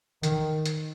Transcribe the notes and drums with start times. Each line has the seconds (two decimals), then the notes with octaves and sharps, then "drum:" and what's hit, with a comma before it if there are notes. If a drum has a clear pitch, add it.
0.23 D#3, drum: hi-hat
0.66 drum: hi-hat